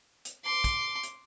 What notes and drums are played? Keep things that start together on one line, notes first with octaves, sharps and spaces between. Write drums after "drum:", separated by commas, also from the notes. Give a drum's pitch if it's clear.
drum: hi-hat
C6 D6
drum: kick, hi-hat
drum: hi-hat